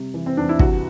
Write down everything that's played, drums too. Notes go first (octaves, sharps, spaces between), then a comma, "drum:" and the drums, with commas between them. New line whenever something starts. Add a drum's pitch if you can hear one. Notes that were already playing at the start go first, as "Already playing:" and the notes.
Already playing: C3 G3
E3
C4
E2 D4
E4
C2 F#4, drum: kick